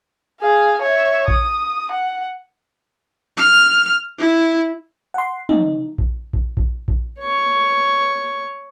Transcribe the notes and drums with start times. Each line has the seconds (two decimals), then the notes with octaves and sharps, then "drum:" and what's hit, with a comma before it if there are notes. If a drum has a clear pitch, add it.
0.41 G#4 F5
0.82 C#5 E5
1.28 D#6, drum: kick A#1
1.91 F#5
3.37 F6
4.19 E4
5.14 F#5 C6
5.49 D#4, drum: tom
5.98 drum: kick A#1
6.33 drum: kick A#1
6.57 drum: kick A#1
6.88 drum: kick A#1
7.20 C#5 C#6